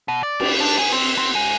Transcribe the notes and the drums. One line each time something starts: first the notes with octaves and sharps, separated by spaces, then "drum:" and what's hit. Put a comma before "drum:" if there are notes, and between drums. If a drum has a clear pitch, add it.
B2
D5
drum: cymbal
D4
G#5
C4
C4
G#3